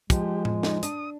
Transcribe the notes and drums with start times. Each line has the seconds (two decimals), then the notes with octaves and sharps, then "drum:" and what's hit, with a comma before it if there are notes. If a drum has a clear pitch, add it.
0.10 F3 G#3 G4, drum: kick, hi-hat
0.45 drum: tom A2
0.63 D#4, drum: snare
0.83 D4 D#6, drum: hi-hat